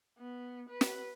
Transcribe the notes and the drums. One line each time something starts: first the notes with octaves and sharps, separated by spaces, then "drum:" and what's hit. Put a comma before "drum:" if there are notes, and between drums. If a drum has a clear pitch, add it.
B3
B4
drum: snare